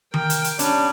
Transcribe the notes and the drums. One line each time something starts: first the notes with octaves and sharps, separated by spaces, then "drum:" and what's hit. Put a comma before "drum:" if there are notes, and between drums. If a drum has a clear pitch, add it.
A#4 G5, drum: tom D#3
drum: hi-hat
drum: hi-hat
G3 C#4 D4, drum: hi-hat